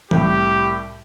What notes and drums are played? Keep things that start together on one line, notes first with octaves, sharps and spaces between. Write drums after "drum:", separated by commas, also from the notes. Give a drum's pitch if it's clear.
C2 A2 G4, drum: tom E3